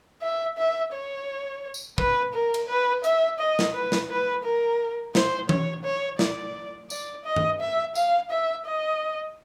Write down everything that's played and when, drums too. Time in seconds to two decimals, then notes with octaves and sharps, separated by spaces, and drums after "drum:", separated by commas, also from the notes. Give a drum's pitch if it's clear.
0.22 E5
0.58 E5
0.93 C#5
1.74 drum: tambourine
1.98 B4, drum: kick
2.34 A#4
2.54 drum: cymbal
2.68 B4
3.04 E5, drum: hi-hat
3.39 D#5
3.59 drum: snare
3.73 B4
3.92 drum: snare
4.10 B4
4.44 A#4
5.15 C5, drum: snare
5.49 C#5, drum: tom E3
5.84 C#5
6.19 D5, drum: snare
6.90 D5, drum: tambourine
7.25 D#5
7.36 drum: tom G2
7.60 E5
7.95 F5, drum: tambourine
8.30 E5
8.66 D#5